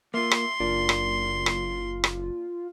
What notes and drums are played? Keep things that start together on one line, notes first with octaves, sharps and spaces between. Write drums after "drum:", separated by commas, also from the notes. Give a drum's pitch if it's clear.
A#3 F4 E5 C6
drum: rim click
F#1 A#3 D4 F4
drum: rim click
drum: rim click
drum: rim click